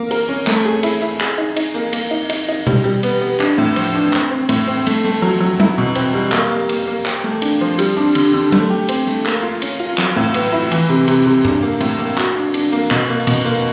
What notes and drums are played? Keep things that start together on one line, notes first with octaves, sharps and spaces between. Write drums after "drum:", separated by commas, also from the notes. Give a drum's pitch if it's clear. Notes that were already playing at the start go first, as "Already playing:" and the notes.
Already playing: A#3 A#4
A#4, drum: cymbal
C#4
A3, drum: clap
G#4
E4, drum: cymbal
E4
G#4, drum: clap
D#4
D#4, drum: cymbal
A#3
A#3, drum: cymbal
D#4
D#4, drum: cymbal
D#4
G3, drum: tom B2
G3
B3, drum: cymbal
B3
D4, drum: clap
A2
F3, drum: cymbal
D4
C4, drum: clap
C4
A2, drum: cymbal
C4
A3, drum: cymbal
A3
F#3
F#3
E4, drum: tom F#3
B2
C4, drum: cymbal
G3
A#3, drum: clap
A#3
A#3, drum: cymbal
A#3
G4, drum: clap
A3
D4, drum: cymbal
F3
G3, drum: cymbal
D4
D3, drum: cymbal
D3
A3, drum: tom F#3
G4
C4, drum: cymbal
A3
A#3, drum: clap
F4
C#4, drum: cymbal
F4
F#3, drum: clap
A2
B3, drum: cymbal
E4
E3, drum: cymbal
C3
C3, drum: cymbal
C3
D4, drum: tom G#2
A#3
A2, drum: cymbal
A#3
F#4, drum: clap
D4
D4, drum: cymbal
A#3
B2, drum: clap
A#3
B2, drum: cymbal
A#3